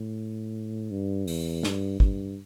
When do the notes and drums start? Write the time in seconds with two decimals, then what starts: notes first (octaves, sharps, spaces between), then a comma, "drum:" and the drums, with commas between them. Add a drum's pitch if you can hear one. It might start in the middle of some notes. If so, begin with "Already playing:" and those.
Already playing: A2
0.91 G2
1.27 E2, drum: open hi-hat
1.63 G2, drum: snare
2.00 G2, drum: kick